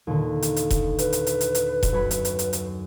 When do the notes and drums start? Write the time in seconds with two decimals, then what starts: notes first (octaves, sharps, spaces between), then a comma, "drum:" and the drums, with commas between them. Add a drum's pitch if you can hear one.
0.07 D#2 A#2 D3
0.42 drum: hi-hat
0.56 drum: hi-hat
0.70 drum: kick E1, hi-hat
0.99 B4, drum: hi-hat
1.13 drum: hi-hat
1.27 drum: hi-hat
1.41 drum: hi-hat
1.55 drum: hi-hat
1.83 drum: kick E1, hi-hat
1.92 F#2 C#5 B5
2.11 drum: hi-hat
2.25 drum: hi-hat
2.39 drum: hi-hat
2.53 drum: hi-hat